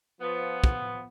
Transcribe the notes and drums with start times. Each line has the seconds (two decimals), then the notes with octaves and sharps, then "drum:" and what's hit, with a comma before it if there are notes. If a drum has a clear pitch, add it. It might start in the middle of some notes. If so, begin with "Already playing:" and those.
0.21 F3 B3
0.64 drum: kick